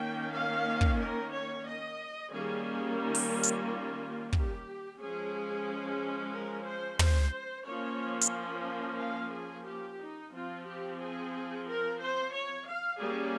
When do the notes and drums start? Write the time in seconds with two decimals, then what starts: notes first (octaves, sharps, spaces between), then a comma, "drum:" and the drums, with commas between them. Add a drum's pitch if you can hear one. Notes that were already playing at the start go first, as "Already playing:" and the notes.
Already playing: D#3 A#3 C#4 G5
0.32 F5
0.81 drum: kick
0.99 A#4
1.32 C#5
1.65 D#5
2.32 D#3 G3 A#3 C#4 G#4
2.99 D#4
3.15 drum: open hi-hat
3.33 F4
3.43 drum: hi-hat
4.33 G4, drum: kick
4.99 F3 G#3 C#4 G#4
6.32 A#4
6.66 C5
6.99 C5, drum: tom
7.66 F3 A#3 C#4 C#5
8.21 drum: hi-hat
8.99 F5
9.33 G#4
9.65 G4
9.99 D#4
10.33 F3 C4 F4
10.66 G4
10.99 G#4
11.66 A#4
12.00 C5
12.33 C#5
12.66 F5
12.99 G3 A#3 C#4 G#4